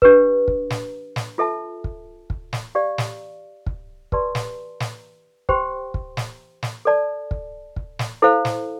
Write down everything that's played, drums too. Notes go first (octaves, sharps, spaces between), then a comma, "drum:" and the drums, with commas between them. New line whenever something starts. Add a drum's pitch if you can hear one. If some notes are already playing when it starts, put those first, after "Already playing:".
D4 G4 B4, drum: kick
drum: kick
drum: snare
drum: snare
F4 A4 E5 A5
drum: kick
drum: kick
drum: snare
G4 D5 F5
drum: snare
drum: kick
G4 B4 D5 A5 C6, drum: kick
drum: snare
drum: snare
G4 C5 G5 C6, drum: kick
drum: kick
drum: snare
drum: snare
A4 D5 A5
drum: kick
drum: kick
drum: snare
E4 A4 C5 F5
drum: snare